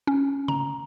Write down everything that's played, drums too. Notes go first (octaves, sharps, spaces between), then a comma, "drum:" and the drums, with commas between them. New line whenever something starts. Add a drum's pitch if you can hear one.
C#4
A#5, drum: tom C#3